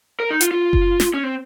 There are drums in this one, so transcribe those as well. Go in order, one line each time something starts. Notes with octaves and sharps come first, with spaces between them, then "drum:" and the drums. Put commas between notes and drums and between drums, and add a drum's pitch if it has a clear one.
A#4
D#4
F4, drum: hi-hat
F4
drum: kick F#1
drum: snare
C#4
C4